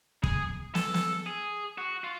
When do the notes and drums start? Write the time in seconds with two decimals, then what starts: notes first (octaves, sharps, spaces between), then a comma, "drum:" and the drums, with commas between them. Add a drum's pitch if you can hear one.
0.24 G#4, drum: kick
0.75 A4, drum: snare
0.94 drum: snare
1.26 G#4
1.78 F#4
2.04 F4